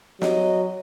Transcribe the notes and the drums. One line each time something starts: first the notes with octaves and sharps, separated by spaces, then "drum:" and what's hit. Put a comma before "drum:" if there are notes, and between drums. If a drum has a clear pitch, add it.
F#3 D#5, drum: snare